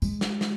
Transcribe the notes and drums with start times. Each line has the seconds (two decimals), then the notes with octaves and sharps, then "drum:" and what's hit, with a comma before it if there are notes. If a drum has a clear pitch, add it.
0.02 G#3, drum: tambourine
0.21 drum: snare
0.41 drum: snare